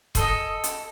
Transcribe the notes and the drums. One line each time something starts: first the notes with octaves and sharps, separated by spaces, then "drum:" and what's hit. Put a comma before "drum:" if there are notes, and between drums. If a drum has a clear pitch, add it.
G#4 A4 D#5, drum: kick E1, hi-hat
drum: hi-hat